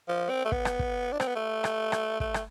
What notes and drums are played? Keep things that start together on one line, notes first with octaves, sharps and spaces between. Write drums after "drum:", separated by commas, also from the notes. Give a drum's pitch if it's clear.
F3
C4
A3
B3, drum: kick
drum: rim click
drum: kick
D4
C4, drum: rim click
B3
A3
drum: rim click
drum: rim click
A3, drum: kick
drum: rim click